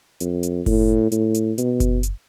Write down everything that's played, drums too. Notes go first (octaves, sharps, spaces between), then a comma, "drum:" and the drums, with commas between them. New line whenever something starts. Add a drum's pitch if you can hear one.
F2, drum: hi-hat
drum: hi-hat
A2, drum: kick F#1, open hi-hat
A2, drum: hi-hat
drum: hi-hat
B2, drum: hi-hat
drum: kick F#1, hi-hat
drum: hi-hat